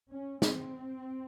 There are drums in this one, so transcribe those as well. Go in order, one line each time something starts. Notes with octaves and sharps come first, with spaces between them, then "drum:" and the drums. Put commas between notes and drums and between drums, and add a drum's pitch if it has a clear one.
C#4
C4, drum: snare